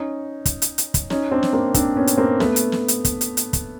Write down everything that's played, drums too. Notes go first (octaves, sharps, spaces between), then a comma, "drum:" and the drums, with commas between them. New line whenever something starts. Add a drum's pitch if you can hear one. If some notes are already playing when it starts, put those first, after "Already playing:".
Already playing: C#4 D#4
drum: kick, hi-hat
drum: hi-hat
drum: hi-hat
drum: kick, hi-hat
C#4 D#4, drum: snare
C4 D4
drum: snare
A#3 C4
C4 D4, drum: kick, hi-hat
B3 C#4
drum: hi-hat
A#3 C4
A3 B3, drum: snare
drum: hi-hat
drum: snare
drum: hi-hat
drum: kick, hi-hat
drum: hi-hat
drum: hi-hat
drum: kick, hi-hat